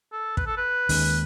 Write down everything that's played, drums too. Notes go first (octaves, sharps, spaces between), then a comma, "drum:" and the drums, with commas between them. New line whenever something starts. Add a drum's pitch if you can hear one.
A4
B4, drum: kick
A4
B4
D#2 D#3 G#3 C#4, drum: open hi-hat